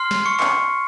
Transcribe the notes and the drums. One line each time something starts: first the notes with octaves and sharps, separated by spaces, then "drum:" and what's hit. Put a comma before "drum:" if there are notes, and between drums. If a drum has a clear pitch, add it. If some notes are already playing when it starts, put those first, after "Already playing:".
Already playing: C6 F6 C7
drum: snare
C#6 C#7
drum: clap